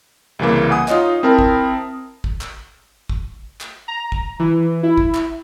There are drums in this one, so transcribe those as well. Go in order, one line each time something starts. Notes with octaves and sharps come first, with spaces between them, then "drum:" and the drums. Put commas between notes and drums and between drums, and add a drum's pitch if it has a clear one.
C2 C#3 E3 A#3
F#5 G#5 D#6
D#4 F4 C#5 D#5, drum: clap
C4 E4 A#4 A5
drum: kick
drum: kick
drum: clap
drum: kick
drum: clap
A#5
drum: kick
E3
E4
drum: kick
drum: clap